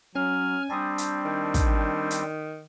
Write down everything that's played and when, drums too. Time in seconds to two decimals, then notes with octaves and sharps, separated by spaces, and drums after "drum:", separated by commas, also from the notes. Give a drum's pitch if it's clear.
0.16 F#3 C#4 G#5 F6
0.70 G3 C4 D4 A5 D#6
0.98 drum: hi-hat
1.25 D#3
1.54 drum: kick, hi-hat
2.10 drum: hi-hat